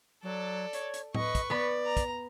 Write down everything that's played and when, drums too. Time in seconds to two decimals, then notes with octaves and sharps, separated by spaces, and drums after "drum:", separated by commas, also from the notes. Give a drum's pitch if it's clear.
0.23 F#3 A4 D5
0.73 C#5, drum: hi-hat
0.94 drum: hi-hat
1.15 B4 D#5 C#6, drum: tom A2
1.35 drum: kick, hi-hat
1.50 B3 D5 B5
1.85 A#5
1.97 drum: kick, hi-hat